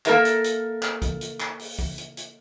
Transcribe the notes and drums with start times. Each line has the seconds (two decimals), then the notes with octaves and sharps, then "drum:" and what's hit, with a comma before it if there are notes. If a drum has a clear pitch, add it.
0.06 A#3 A4 A#4 E5, drum: clap
0.25 drum: hi-hat
0.44 drum: hi-hat
0.83 drum: clap
1.02 drum: kick, hi-hat
1.21 drum: hi-hat
1.40 drum: clap
1.59 drum: open hi-hat
1.79 drum: kick
1.98 drum: hi-hat
2.17 drum: hi-hat